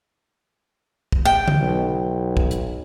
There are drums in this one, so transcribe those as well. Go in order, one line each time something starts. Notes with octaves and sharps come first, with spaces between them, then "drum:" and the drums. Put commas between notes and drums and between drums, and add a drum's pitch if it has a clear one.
drum: kick
G5
drum: tom C#3
B1
drum: kick
drum: hi-hat